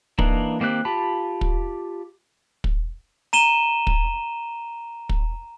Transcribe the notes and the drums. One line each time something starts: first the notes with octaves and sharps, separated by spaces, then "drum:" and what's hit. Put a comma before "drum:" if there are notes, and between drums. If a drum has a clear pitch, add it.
E3 A#3 D4 D#4, drum: kick
D#3 A#3 C4 G4 F#6
F4 G4 A5 B5
drum: kick
drum: kick
A#5 D#7 E7 G7
drum: kick
drum: kick